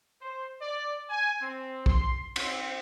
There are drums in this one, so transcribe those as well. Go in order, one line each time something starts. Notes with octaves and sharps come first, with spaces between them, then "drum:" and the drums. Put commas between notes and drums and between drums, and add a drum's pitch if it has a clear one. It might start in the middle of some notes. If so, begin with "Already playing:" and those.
C5
D5
G#5
C4
C6, drum: kick
C4, drum: cymbal